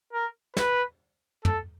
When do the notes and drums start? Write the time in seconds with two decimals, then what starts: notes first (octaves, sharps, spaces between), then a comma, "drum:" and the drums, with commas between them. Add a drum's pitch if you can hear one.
0.13 A#4
0.57 B4, drum: snare
1.45 A4, drum: tom